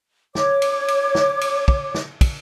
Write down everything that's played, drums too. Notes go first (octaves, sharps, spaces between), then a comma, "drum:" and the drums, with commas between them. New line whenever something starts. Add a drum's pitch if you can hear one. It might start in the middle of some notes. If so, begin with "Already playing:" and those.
C#5 D6, drum: snare
drum: cymbal
drum: cymbal
drum: snare
drum: cymbal
drum: kick
drum: snare
drum: kick, cymbal